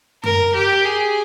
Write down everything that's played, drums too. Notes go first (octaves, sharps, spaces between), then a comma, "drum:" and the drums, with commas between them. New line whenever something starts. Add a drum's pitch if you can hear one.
A#4, drum: tom F#2
G4
G#4